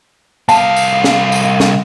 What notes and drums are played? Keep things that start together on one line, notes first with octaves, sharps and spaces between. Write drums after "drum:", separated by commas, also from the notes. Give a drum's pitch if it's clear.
C2 F5 A5, drum: tambourine
drum: tambourine
drum: snare
drum: tambourine
drum: snare